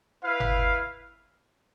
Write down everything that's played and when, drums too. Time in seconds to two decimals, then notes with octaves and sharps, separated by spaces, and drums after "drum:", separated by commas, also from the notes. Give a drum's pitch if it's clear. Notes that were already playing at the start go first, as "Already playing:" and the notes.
0.22 E4 B4 F5
0.40 drum: tom G1